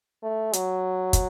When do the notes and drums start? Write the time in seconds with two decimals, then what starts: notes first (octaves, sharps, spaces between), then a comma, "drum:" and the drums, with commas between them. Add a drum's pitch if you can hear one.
0.23 A3
0.53 F#3, drum: hi-hat
1.13 drum: kick, hi-hat